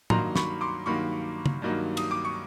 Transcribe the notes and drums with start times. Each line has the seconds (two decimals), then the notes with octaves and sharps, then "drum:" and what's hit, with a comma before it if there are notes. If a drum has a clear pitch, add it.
0.10 G2 D#3 F#3 A#3 D#4 A#5 C6, drum: tom
0.36 B5 C#6, drum: snare
0.61 C6 D6
0.86 G2 D#3 F#3 A#3 D#4 B5 C#6
1.46 drum: tom C#3
1.62 G2 D#3 F#3 A#3 D#4
1.97 D#6, drum: cymbal
2.11 D6
2.25 C#6